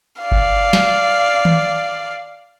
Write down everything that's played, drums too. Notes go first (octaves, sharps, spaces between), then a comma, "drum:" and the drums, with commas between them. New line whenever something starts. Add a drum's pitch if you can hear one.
D5 F5
drum: kick G1
drum: snare
drum: tom D#3